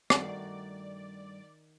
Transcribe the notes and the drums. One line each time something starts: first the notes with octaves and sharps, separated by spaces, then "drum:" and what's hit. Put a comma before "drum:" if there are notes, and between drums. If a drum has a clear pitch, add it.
G2 D#3 A3 F#4 D5, drum: rim click